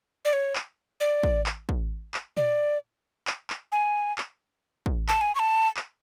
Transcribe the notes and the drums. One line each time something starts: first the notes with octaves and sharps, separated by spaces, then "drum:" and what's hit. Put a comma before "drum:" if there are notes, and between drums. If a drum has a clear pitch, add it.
D5
C#5
drum: clap
D5
drum: kick
drum: clap
drum: kick
drum: clap
D5, drum: tom A#2
drum: clap
drum: clap
G#5
drum: clap
drum: kick
A5, drum: clap
G#5
C#6
A5
drum: clap